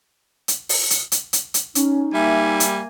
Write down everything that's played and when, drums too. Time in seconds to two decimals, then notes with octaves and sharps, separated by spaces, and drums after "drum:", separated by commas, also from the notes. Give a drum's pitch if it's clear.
0.48 drum: hi-hat
0.69 drum: open hi-hat
0.90 drum: hi-hat
1.12 drum: hi-hat
1.33 drum: hi-hat
1.54 drum: hi-hat
1.75 C#4 D#4, drum: hi-hat
2.14 G3 A#3 E5 G#5
2.60 drum: hi-hat